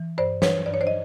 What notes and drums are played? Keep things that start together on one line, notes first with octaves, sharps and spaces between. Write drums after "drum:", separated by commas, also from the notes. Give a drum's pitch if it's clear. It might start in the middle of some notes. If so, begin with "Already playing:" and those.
Already playing: E3
G2 C5 D5
E3 B4 C#5, drum: snare
G2 D5
C#5
C5 D5
D#5